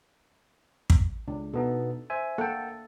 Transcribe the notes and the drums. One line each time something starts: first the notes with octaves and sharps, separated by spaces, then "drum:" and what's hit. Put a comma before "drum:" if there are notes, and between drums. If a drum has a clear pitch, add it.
drum: kick
C#2 D4
B2 B3 D#4 A4
C5 E5 G#5
A#3 A4 F#5 G5